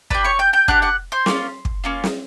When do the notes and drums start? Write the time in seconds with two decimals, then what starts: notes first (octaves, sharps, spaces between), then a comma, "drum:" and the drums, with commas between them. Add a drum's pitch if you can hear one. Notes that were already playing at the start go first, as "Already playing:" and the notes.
0.10 D4 G4 B4 B5, drum: kick
0.25 C#5 C#6
0.39 G5 G6
0.53 G5 G6
0.68 D4 G4 F#5 F#6, drum: kick
0.82 F#5 F#6
1.12 C5 C6
1.26 A#3 C#4 F4, drum: snare
1.65 drum: kick
1.84 A#3 C#4 F4
2.04 drum: snare